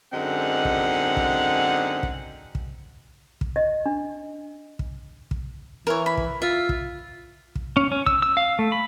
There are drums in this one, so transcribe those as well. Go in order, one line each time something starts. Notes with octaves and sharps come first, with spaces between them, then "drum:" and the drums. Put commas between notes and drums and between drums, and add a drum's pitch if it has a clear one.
F#2 D3 G#3 C4 D#4 F#5
drum: kick
drum: kick
drum: kick
drum: kick
drum: kick
D#5
D4
drum: kick
drum: kick
E3 A#4 C#5
B5
drum: kick
F4 E5
drum: kick
drum: kick
C#4
C#4
E6, drum: kick
E6
F5
A3
B5